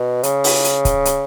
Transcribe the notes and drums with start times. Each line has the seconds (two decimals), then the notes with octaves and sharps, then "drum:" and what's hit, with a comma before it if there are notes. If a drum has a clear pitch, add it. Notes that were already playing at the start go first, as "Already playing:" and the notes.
Already playing: B2
0.23 C#3, drum: hi-hat
0.44 drum: open hi-hat
0.64 drum: hi-hat
0.85 drum: kick, hi-hat
1.05 drum: hi-hat